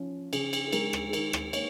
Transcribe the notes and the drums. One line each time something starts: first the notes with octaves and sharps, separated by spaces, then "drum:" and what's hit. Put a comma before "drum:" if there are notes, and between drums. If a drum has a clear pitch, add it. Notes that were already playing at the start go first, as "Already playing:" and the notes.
Already playing: F3 C#4
C#3 G#4, drum: cymbal
drum: cymbal
G#4
G#3 A#4, drum: cymbal
drum: rim click
G#4
D#3 A#4, drum: cymbal
drum: rim click
A#3 C#5, drum: cymbal